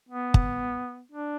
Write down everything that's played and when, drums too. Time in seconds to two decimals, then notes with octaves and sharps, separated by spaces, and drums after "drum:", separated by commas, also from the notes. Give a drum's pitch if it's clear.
0.09 B3
0.34 drum: kick
1.12 D4